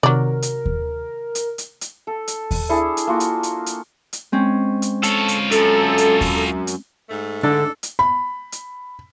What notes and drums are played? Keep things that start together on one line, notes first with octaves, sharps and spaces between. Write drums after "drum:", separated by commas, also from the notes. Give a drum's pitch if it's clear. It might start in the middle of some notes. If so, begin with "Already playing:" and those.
C3 D#3 F#3 A#4 D5
drum: hi-hat
drum: kick D#2
drum: hi-hat
drum: hi-hat
drum: hi-hat
A4
drum: hi-hat
drum: kick D#2, open hi-hat
D4 E4 G#4 A4
drum: hi-hat
A#3 F4 F#4
drum: hi-hat
drum: hi-hat
drum: hi-hat
drum: hi-hat
G#3 C4 C#4
drum: hi-hat
F4 A4 C#5, drum: hi-hat
drum: hi-hat
F#2 A4, drum: hi-hat
drum: hi-hat
drum: kick D#2, open hi-hat
drum: hi-hat
G#2 A3
D3 D4 A4
drum: hi-hat
B5
drum: hi-hat